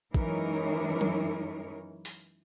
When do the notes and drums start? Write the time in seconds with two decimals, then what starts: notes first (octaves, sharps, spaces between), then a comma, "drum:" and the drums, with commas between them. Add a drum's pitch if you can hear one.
0.14 F#2 E3 G#3 D#4 A#4 C#5, drum: kick
1.01 drum: tom F#3
2.05 drum: open hi-hat